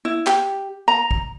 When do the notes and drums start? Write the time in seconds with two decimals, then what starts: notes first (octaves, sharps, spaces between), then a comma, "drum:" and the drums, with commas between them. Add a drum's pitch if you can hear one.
0.05 E4
0.27 G4, drum: clap
0.88 A#5
1.11 drum: kick A#1